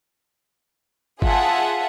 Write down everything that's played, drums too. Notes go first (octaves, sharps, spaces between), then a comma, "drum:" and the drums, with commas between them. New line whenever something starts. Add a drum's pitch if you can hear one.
F4 G#4 E5 F#5 G#5 A5, drum: kick G1